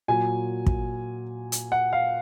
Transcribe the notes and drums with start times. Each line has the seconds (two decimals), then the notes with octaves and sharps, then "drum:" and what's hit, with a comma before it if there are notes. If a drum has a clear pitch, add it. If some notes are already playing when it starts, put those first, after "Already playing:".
0.08 A#2 F#3 G#5
0.66 drum: kick
1.52 drum: hi-hat
1.72 F#5
1.93 F5